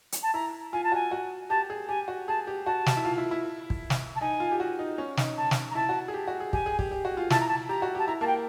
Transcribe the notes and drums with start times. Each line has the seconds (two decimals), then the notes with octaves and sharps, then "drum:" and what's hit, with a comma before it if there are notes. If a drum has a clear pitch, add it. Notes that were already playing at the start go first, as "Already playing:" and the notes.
0.12 drum: hi-hat
0.22 A5
0.34 E4 A#5
0.73 F4 G#5
0.84 A5
0.92 F#4 G#5
1.11 F#4
1.49 G4 A5
1.70 G#4
1.88 G4 G#5
2.08 F#4
2.28 G#4 A5
2.47 G4
2.66 F#4 A5
2.86 drum: snare
2.97 E4
3.05 F4
3.18 E4
3.31 E4
3.70 drum: kick
3.90 drum: snare
4.15 A5
4.21 D#4 G#5
4.40 F4
4.52 G4
4.60 F#4
4.79 D#4
4.98 C#4
5.17 D#4, drum: snare
5.37 A5
5.51 drum: snare
5.70 A#5
5.75 E4 A5
5.89 F#4
6.08 G#4
6.14 G4
6.28 F#4
6.40 G#4
6.53 G4 G#5, drum: kick
6.66 G#4
6.79 G4, drum: kick
6.91 G4
7.05 F#4
7.17 F4
7.30 E4 A5, drum: snare
7.40 A#5
7.48 A5
7.69 G4 A#5
7.82 F#4
7.95 G4 A5
8.07 E4 A#5
8.21 A#3 A5
8.27 G5